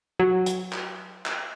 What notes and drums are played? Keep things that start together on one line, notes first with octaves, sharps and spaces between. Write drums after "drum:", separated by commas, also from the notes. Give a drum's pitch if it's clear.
F#3
drum: hi-hat
drum: clap
drum: clap